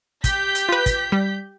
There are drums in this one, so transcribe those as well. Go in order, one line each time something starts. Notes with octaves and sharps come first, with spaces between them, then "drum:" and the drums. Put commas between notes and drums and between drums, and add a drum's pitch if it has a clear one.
G4 G6 B6, drum: kick, hi-hat
drum: hi-hat
F4 B4
drum: kick, hi-hat
G3